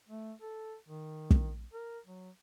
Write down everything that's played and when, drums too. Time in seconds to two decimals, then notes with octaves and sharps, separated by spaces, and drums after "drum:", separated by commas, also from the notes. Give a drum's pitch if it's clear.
0.09 A3
0.42 A4
0.88 D#3
1.31 drum: kick
1.73 A#4
2.06 F#3